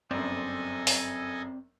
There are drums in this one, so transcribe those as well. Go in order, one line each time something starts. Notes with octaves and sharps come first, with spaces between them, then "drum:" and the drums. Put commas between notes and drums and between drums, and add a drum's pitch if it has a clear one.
G1 F#2 C4 A4 C5 D5 D#5 G#5
drum: open hi-hat